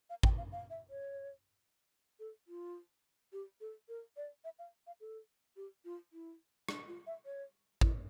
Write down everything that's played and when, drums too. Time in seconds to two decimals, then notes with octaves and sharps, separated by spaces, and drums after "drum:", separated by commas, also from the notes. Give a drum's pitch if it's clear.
0.10 F5
0.23 G5, drum: kick
0.38 F5
0.52 F5
0.70 E5
0.90 C#5
2.20 A4
2.48 F4
3.33 G4
3.61 A4
3.89 A#4
4.17 D5
4.44 E5
4.59 F5
4.87 F5
5.01 A4
5.56 G4
5.85 F4
6.13 E4
6.69 D4, drum: rim click
6.88 F4
7.07 E5
7.25 C#5
7.81 E4, drum: kick